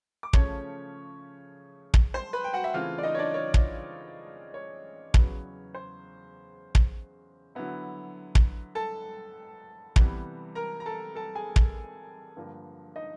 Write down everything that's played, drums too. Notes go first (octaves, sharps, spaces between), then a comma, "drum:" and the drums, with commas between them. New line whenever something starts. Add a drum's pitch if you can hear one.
D6
C#3 F3 A3 C#4 C#5 C#6, drum: kick
drum: kick
C5 C6
B4 B5
G5
F#4 F#5
E5
C#3 E3 A3 C4 F4 F5
D5
D#4 D#5
C#5
D4 D5
C#5
drum: kick
C#5
E2 C#3 F#3 B3, drum: kick
C5
drum: kick
D3 F#3 B3 E4
drum: kick
A4 A5
C3 E3 G3 B3, drum: kick
A#4 A#5
A#5
A4 A5
A4 A5
G#4 G#5
drum: kick
G2 D3 F3 A#3
D#4 D#5